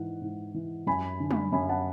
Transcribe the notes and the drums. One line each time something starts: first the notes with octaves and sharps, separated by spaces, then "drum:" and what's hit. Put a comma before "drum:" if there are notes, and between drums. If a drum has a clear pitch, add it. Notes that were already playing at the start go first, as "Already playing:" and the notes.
Already playing: G#2 E3 F#5
G#2
E3
F#2 G#5 B5
D3
drum: tom
F#2 G#5 B5
F#5 A5